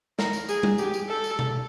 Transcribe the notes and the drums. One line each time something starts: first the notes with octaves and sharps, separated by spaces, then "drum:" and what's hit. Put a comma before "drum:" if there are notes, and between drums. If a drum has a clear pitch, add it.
A#4, drum: snare
drum: tambourine
G#4, drum: tambourine
drum: tom G3
G4, drum: tambourine
drum: tambourine
A4
drum: tambourine
drum: tom B2